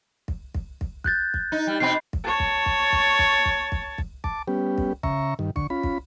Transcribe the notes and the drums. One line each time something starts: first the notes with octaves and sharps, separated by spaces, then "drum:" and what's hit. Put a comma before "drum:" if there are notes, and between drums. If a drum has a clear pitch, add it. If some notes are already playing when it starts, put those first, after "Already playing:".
drum: kick
drum: kick
drum: kick
F#6 G6 A6, drum: kick
drum: kick
D#4
G3
B2 C4 D#4 B5 C7
drum: kick
C#5 A5
drum: kick
drum: kick
drum: kick
drum: kick
drum: kick
drum: kick
drum: kick
A5 D6, drum: kick
G3 B3 C#4 G4
drum: kick
C#3 E5 A#5 C#6, drum: kick
G2 D#3
D3 C#6, drum: kick
C#4 F4 B5
drum: kick